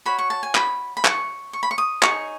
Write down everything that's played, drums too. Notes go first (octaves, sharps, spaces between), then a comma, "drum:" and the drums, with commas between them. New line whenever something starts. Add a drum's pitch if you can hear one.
F#4 C#5 B5
C#6
A5
G#5
B5, drum: clap
B5
C#6, drum: clap
C#6
B5
C#6
D#6
D#4 G#4 C#5 C#6, drum: clap